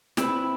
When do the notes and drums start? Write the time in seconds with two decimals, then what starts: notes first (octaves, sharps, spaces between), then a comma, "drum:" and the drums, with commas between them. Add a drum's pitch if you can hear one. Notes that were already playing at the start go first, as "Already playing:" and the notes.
0.17 C4 E4 B4, drum: snare